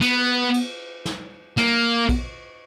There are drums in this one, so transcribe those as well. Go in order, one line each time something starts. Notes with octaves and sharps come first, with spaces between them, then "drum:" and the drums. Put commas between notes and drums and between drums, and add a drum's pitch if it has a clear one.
B3, drum: cymbal
drum: cymbal
drum: snare
A#3, drum: snare
drum: kick, cymbal